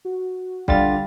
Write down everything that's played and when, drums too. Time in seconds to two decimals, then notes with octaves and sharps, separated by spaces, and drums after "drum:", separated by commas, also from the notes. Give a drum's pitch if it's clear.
0.05 F#4
0.68 D3 G3 F4 F5 A6, drum: kick